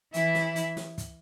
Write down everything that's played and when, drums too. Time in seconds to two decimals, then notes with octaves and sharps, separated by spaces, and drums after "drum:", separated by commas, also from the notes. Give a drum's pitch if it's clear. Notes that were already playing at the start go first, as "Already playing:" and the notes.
0.14 E3 E4, drum: hi-hat
0.35 drum: snare
0.56 drum: hi-hat
0.77 drum: snare
0.98 drum: kick, hi-hat